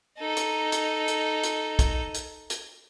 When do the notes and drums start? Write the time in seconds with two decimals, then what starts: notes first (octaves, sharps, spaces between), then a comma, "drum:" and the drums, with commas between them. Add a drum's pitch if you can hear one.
0.19 D#4 A4
0.37 drum: hi-hat
0.72 drum: hi-hat
1.08 drum: hi-hat
1.43 drum: hi-hat
1.79 drum: kick, hi-hat
2.14 drum: hi-hat
2.50 drum: hi-hat